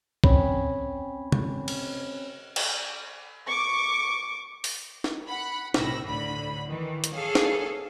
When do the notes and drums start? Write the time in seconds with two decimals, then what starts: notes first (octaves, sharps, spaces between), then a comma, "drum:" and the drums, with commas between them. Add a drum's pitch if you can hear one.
0.24 C4 C#4 C#5 B5, drum: kick
1.32 drum: tom
1.68 drum: cymbal
2.56 drum: cymbal
3.47 C#6 D6
4.64 drum: open hi-hat
5.04 drum: snare
5.27 F#5 B5
5.74 B1 A2 C3 B5 E6 A#6, drum: snare
6.04 D2 A2 D3 B5
6.67 D#3 E3
7.04 drum: hi-hat
7.14 G#4 A4 C#5 F5
7.35 drum: snare